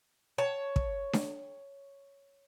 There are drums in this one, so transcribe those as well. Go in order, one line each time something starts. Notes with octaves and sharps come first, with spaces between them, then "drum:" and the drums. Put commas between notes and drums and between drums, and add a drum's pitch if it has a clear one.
C#5 A5
drum: kick
drum: snare D4